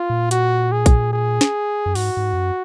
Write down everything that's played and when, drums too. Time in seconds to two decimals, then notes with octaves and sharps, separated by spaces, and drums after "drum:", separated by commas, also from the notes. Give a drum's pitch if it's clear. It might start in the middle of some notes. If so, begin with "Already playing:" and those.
Already playing: F4
0.10 A#2
0.31 F#4, drum: hi-hat
0.72 G#4
0.86 drum: kick A#1, hi-hat
1.13 G#4
1.41 drum: snare
1.86 F#2
1.95 G#2 F#4, drum: open hi-hat
2.17 G#2
2.33 F2
2.37 F#2